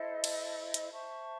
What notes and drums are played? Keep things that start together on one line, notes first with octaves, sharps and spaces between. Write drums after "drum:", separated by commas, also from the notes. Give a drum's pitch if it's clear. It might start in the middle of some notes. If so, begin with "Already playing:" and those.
Already playing: E4 A4 C5 D#5
drum: cymbal
drum: hi-hat
C5 E5 A5 C#6